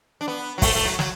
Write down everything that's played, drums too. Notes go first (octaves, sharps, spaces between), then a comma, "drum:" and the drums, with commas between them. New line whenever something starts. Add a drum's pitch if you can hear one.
D4
B3
F#3
A3, drum: kick, open hi-hat
A3
F#3
F#3, drum: snare